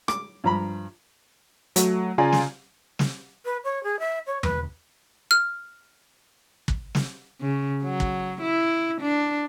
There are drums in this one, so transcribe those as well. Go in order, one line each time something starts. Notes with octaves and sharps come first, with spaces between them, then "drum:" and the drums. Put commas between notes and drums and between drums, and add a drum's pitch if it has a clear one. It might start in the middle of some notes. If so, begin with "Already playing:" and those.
D6, drum: rim click
G2 F3 A#5 B5
F#3 A3, drum: hi-hat
C#3 F4 D5 G#5 A#5
drum: snare
drum: snare
B4
C#5
G#4
E5
C#5
B4, drum: tom E2
F6
drum: kick
drum: snare
C#3
F#3
drum: kick
E4
D4